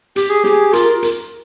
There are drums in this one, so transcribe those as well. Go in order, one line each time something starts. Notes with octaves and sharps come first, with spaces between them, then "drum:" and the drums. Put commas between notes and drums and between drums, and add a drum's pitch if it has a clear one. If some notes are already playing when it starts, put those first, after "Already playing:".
G4, drum: hi-hat
G#4
G4 G#4, drum: snare
F4 A#4, drum: hi-hat
drum: hi-hat